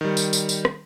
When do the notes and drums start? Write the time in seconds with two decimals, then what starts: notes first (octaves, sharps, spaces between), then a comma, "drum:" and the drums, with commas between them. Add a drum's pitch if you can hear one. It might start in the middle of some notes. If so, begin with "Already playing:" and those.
0.01 D#3 G3
0.17 drum: tambourine
0.33 drum: tambourine
0.49 drum: tambourine
0.65 drum: rim click